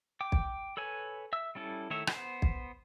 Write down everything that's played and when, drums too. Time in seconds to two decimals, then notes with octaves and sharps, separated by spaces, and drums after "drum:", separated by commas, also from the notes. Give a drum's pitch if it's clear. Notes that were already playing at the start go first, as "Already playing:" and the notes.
0.21 G5 D6
0.32 drum: kick B1
0.77 A4 B4 C#5 G#5
1.33 E5 E6
1.55 G3 C#4 E4 A4
1.90 D#3 A3 E4 C#5 E5
2.07 B3 C5, drum: rim click
2.42 drum: kick B1